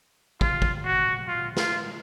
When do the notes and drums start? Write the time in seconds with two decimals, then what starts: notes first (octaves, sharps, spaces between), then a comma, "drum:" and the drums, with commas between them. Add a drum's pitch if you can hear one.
0.41 F4, drum: kick
0.62 drum: kick
0.85 F#4
1.28 F4
1.57 F4, drum: snare